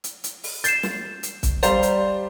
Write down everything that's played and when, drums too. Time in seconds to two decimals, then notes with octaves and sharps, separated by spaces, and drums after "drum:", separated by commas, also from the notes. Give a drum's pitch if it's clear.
0.04 drum: hi-hat
0.24 drum: hi-hat
0.44 drum: open hi-hat
0.64 G6 A6 C7 E7, drum: hi-hat
0.83 drum: snare
1.23 drum: hi-hat
1.43 drum: kick, hi-hat
1.63 G3 C5 D5 F5 A#5, drum: hi-hat
1.83 drum: hi-hat